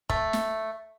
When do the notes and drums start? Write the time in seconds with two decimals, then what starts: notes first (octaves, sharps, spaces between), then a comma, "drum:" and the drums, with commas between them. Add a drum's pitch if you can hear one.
0.10 A3, drum: kick
0.33 drum: snare